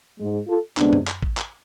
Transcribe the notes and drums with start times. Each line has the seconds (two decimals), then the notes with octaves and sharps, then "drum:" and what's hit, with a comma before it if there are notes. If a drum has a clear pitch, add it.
0.18 G#2 G#3
0.48 F4 A4
0.77 D2 C3 G#3 B3 D4, drum: clap
0.93 drum: tom F#2
1.08 drum: clap
1.22 drum: kick A1
1.37 drum: clap